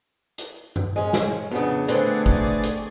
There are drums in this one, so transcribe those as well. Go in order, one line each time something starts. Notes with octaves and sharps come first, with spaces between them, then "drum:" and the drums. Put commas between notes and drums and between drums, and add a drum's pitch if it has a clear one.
drum: hi-hat
drum: tom G2
G#3 C#4
drum: snare
F2 C#3 B3 D4
D3 A3 B3 C4 G#4 D5, drum: hi-hat
drum: kick
drum: hi-hat